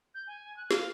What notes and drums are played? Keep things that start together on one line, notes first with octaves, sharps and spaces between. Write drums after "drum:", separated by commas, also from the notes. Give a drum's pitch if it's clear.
G6
G#5
F#6
F5, drum: snare